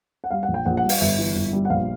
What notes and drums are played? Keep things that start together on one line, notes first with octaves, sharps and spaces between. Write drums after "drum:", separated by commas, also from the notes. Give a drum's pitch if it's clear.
F#5
G3 F5
F#5
A#1
G5
A#1 F#5
F#5
G3
F5, drum: open hi-hat
G1 E5
E3
G1
G3
F#5
A#1 F5